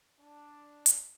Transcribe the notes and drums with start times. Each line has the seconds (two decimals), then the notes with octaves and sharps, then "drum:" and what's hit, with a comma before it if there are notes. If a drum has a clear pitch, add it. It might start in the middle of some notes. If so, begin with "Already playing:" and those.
0.19 D4
0.86 drum: hi-hat